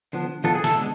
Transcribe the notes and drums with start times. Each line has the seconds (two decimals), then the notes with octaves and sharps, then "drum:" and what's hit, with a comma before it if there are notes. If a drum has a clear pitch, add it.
0.13 D3 F3 B3
0.44 D3 F3 B3 A4
0.55 G#4
0.64 A4, drum: snare
0.75 D3 G#3 B3